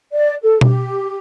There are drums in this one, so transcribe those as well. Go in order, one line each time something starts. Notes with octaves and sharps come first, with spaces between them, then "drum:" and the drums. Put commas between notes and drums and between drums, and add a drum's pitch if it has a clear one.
D5
A4
G4, drum: tom B2